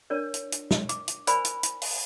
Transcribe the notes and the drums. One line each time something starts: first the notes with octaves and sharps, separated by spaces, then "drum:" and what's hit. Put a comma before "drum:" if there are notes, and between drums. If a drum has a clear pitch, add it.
D4 A#4 C#5 D5
drum: hi-hat
drum: hi-hat
drum: snare
D6, drum: hi-hat
drum: hi-hat
A#4 C5 D5 G#5 B5, drum: hi-hat
drum: hi-hat
drum: hi-hat
drum: open hi-hat